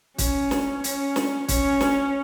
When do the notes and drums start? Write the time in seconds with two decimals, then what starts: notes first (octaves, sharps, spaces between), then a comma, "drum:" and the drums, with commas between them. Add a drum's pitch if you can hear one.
0.18 C#4, drum: kick, hi-hat
0.51 drum: snare
0.84 C#4, drum: hi-hat
1.16 drum: snare
1.48 C#4, drum: kick, hi-hat
1.81 drum: snare